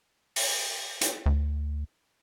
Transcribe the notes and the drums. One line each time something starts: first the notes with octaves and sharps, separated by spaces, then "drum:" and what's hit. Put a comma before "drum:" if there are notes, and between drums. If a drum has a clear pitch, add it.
drum: open hi-hat
drum: hi-hat
D2